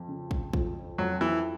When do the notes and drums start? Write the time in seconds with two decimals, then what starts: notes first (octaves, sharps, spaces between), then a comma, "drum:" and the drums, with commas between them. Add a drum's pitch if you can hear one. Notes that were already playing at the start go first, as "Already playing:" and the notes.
Already playing: F2 F3
0.08 C#3
0.31 drum: kick
0.53 F2, drum: kick
0.98 F2 F#3
1.21 E3